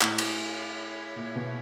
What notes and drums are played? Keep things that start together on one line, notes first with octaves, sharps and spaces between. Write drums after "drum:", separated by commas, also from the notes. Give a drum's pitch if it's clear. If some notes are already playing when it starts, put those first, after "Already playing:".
A2 E4 G#4 C#5 E5, drum: clap
drum: cymbal
A#2
B2